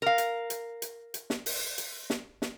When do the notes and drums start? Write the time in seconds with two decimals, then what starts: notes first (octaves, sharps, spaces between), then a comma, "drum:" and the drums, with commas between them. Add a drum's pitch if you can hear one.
0.02 A#4 F5
0.18 drum: hi-hat
0.50 drum: hi-hat
0.82 drum: hi-hat
1.14 drum: hi-hat
1.30 drum: snare
1.46 drum: open hi-hat
1.78 drum: hi-hat
2.10 drum: snare
2.42 drum: snare